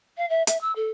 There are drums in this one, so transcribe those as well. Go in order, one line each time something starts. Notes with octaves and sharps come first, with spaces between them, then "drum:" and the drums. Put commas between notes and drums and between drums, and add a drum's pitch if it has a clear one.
F5
E5
E5, drum: hi-hat
E6
A4